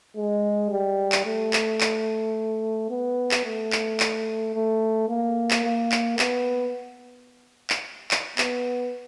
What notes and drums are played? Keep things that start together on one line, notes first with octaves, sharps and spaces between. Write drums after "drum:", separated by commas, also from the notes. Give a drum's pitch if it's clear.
G#3
G3
drum: clap
A3
drum: clap
drum: clap
B3
drum: clap
A3
drum: clap
drum: clap
A3
A#3
drum: clap
A#3
drum: clap
B3, drum: clap
drum: clap
drum: clap
B3, drum: clap